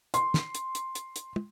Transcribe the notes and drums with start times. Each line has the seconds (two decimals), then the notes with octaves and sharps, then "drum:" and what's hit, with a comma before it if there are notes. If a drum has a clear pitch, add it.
0.14 C6, drum: hi-hat
0.34 drum: snare
0.55 drum: hi-hat
0.75 drum: hi-hat
0.95 drum: hi-hat
1.16 drum: hi-hat
1.36 drum: tom